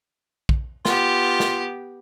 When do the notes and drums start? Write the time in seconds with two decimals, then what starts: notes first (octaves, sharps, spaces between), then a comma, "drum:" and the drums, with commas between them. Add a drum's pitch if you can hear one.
0.49 drum: kick
0.85 B3 F4 G4, drum: snare
1.40 drum: snare